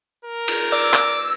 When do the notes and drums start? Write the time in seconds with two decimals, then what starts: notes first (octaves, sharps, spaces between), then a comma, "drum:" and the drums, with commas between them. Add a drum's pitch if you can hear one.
0.25 A#4
0.48 drum: cymbal
0.72 D5 D6 E6
0.94 drum: clap